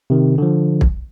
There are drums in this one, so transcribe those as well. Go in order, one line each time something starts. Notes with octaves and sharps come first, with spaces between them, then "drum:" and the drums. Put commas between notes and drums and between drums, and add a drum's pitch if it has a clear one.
C3 D#3
D3 F3
drum: kick